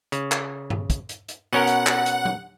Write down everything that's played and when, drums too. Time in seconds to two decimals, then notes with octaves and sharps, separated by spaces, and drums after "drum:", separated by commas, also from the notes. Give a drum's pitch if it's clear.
0.12 C#3, drum: hi-hat
0.32 drum: clap
0.70 drum: tom G2
0.90 drum: kick, hi-hat
1.09 drum: hi-hat
1.28 drum: hi-hat
1.53 B2 C#4 A#4 F#5
1.67 drum: hi-hat
1.87 drum: clap
2.06 drum: hi-hat
2.25 drum: tom F#3